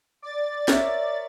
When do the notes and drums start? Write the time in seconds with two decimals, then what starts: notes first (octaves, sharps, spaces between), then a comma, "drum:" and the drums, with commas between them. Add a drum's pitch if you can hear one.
0.22 D5 A6
0.68 A#4 C#5 E5, drum: snare